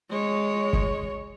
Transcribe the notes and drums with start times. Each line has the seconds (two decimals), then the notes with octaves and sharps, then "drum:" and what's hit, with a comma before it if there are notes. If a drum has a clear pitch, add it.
0.11 G#3 C#5
0.73 drum: kick